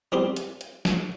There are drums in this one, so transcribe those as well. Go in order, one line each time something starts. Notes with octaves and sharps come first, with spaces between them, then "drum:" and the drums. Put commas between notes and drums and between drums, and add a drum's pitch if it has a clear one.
G3 C4 G4
drum: hi-hat
drum: hi-hat
drum: snare